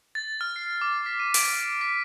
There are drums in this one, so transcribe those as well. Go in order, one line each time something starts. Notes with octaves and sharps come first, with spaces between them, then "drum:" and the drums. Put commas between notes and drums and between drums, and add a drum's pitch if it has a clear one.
A6
F6
C7
D6
B6
D#7
D7, drum: open hi-hat
B6